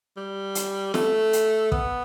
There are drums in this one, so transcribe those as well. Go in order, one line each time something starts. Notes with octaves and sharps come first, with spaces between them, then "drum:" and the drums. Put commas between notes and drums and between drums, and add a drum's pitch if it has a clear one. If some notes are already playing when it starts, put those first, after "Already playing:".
G3
drum: hi-hat
A3, drum: snare
drum: hi-hat
B3, drum: kick